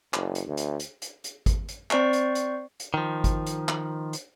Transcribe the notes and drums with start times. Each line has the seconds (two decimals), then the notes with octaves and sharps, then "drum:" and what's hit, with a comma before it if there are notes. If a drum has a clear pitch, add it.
0.14 F#1, drum: clap
0.35 drum: hi-hat
0.47 D2
0.57 drum: hi-hat
0.80 drum: hi-hat
1.02 drum: hi-hat
1.24 drum: hi-hat
1.46 drum: kick G#1, hi-hat
1.68 drum: hi-hat
1.91 C4 C5 D5 C#6 C7, drum: clap
2.13 drum: hi-hat
2.35 drum: hi-hat
2.80 drum: hi-hat
2.94 D#3 F3
3.24 drum: kick G#1, hi-hat
3.46 drum: hi-hat
3.69 drum: clap
4.13 drum: hi-hat